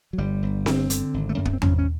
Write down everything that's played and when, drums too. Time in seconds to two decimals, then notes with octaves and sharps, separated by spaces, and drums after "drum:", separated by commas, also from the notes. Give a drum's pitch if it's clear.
0.13 F#3
0.18 G1 G3
0.42 G1
0.66 D3 C4, drum: snare C4
0.90 D3, drum: hi-hat
1.14 G#1
1.29 A3
1.37 F#2 A#3
1.45 B3, drum: kick
1.53 C4
1.62 G#1 C#4, drum: tom E2
1.78 C#4